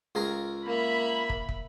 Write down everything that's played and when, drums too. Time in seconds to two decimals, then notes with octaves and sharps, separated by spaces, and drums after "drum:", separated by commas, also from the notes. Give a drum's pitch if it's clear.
0.15 C#2 G#4 A#4
0.66 A#3 E5 B5
1.30 drum: kick
1.49 drum: kick